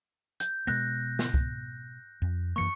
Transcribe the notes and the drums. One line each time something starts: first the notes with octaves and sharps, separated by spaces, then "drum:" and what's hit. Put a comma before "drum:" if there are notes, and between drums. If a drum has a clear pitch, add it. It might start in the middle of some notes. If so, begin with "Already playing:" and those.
G6, drum: hi-hat
B2 G#3 B3 F#6 A#6
drum: snare
drum: kick C2
F2
F#2 E3 A#3 C#6 C#7